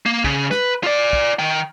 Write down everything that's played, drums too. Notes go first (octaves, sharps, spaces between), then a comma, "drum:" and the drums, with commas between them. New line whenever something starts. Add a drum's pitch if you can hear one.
A#3
C#3, drum: kick
B4, drum: snare
F4 D5
drum: kick
D#3 G5